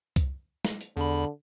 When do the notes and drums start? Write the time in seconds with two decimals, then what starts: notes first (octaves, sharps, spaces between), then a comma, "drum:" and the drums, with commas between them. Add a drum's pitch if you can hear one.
0.16 drum: kick C2, hi-hat
0.65 drum: snare
0.81 drum: hi-hat
0.97 E2 D3 B5